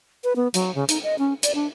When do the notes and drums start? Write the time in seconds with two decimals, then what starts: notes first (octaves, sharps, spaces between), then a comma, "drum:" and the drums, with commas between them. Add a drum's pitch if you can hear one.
0.24 B4
0.36 B3
0.54 F#3, drum: hi-hat
0.75 C#3
0.89 D#4, drum: hi-hat
1.03 D#5
1.19 C#4
1.43 D5, drum: hi-hat
1.55 D4